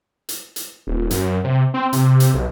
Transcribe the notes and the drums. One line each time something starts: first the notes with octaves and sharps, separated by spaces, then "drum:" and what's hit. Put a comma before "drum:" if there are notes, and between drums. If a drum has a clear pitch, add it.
drum: hi-hat
drum: hi-hat
D#1
F#2, drum: hi-hat
C3
C4
C3, drum: hi-hat
drum: hi-hat
B1